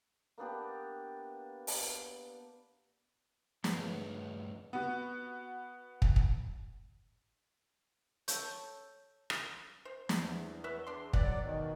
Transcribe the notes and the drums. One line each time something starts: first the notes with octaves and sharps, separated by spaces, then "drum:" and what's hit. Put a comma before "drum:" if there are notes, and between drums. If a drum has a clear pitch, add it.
A#3 B3 D4 G4
drum: open hi-hat
G2 A3 G#4 B4 C#5, drum: snare
B3 F#4
drum: kick
drum: kick
A4 C#5 G6, drum: hi-hat
drum: rim click
C5
E2, drum: snare
B4 C#5 E5
D4 C6
F#3 B3 D5 F#5, drum: kick
B2 D#3